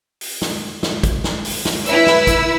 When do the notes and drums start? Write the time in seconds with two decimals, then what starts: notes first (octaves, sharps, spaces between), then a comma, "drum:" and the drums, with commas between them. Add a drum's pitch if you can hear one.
0.21 drum: open hi-hat
0.42 drum: snare
0.83 drum: snare
1.03 drum: kick, hi-hat
1.24 drum: snare
1.45 drum: open hi-hat
1.65 drum: snare
1.86 E4 B4 E6, drum: hi-hat
2.07 drum: snare
2.27 drum: kick, hi-hat